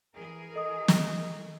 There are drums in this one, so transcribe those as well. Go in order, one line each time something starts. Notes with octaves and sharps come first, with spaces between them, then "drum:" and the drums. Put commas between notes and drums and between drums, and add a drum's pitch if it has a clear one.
E3 G#4 A#4
A4 D#5 D#6
drum: snare